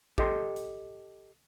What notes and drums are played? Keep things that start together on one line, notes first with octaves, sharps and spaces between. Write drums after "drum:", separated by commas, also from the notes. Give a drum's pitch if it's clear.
G4 A4 D#5 G5 C6, drum: kick A1
drum: hi-hat